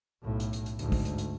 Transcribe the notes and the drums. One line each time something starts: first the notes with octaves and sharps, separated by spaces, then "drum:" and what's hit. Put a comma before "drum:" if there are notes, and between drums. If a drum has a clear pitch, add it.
B1 A2
drum: hi-hat
drum: hi-hat
drum: hi-hat
D2 G#2, drum: hi-hat
drum: kick, open hi-hat
drum: hi-hat
drum: hi-hat